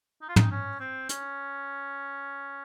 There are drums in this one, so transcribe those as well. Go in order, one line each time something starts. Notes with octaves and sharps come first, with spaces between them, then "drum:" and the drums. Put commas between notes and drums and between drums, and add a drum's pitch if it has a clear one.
D#4
F4
D#4, drum: tom
C#4
C4
C#4, drum: hi-hat